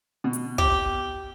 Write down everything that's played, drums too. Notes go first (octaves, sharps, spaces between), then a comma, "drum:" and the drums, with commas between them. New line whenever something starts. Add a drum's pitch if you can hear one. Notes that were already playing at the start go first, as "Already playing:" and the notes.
B2
drum: hi-hat
G4, drum: kick